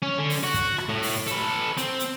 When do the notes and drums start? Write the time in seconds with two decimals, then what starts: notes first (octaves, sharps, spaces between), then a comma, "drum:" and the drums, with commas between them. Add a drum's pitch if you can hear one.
0.02 C#4
0.18 D3
0.30 drum: open hi-hat
0.43 F#4
0.54 drum: kick, hi-hat
0.78 drum: rim click
0.89 A2
1.03 drum: open hi-hat
1.27 A4 B4, drum: hi-hat
1.77 C4, drum: hi-hat
2.00 drum: hi-hat